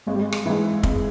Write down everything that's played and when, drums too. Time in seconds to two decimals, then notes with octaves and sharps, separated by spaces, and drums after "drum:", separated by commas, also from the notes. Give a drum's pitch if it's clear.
0.07 G#1 G#3
0.15 G3
0.21 G#3
0.32 drum: rim click
0.46 G#2 E3
0.83 G#1, drum: kick